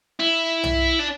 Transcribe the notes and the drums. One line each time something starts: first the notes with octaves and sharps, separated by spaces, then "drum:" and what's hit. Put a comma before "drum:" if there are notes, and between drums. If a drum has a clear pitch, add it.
E4
drum: tom B1
D4